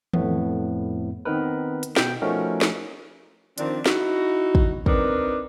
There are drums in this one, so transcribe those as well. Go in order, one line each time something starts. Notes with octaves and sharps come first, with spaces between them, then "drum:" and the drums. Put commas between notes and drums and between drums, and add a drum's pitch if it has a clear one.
F2 A2 A3 B3, drum: tom D#3
D#3 B3 C4 D#4 A#4 B4
drum: hi-hat
B2 G5, drum: snare
F3 A3 C#4 D#4 F#4 A#4
drum: snare
D#3 F3 C4 D4, drum: hi-hat
D#4 E4 F#4, drum: snare
drum: kick
C4 D4 D#4 A#4 B4, drum: kick